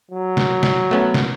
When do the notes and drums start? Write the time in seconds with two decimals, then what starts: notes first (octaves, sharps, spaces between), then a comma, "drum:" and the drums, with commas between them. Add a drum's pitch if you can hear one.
0.11 F#3
0.37 drum: snare
0.63 drum: snare
0.91 A3 B3 C#4
1.14 drum: snare